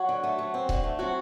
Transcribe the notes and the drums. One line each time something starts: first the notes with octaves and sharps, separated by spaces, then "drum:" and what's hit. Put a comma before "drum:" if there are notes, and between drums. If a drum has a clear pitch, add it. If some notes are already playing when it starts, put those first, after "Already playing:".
Already playing: F#3 F#4
D3
A3
F#3
C4
D3, drum: kick C#1
A3
F#3 C4 F#4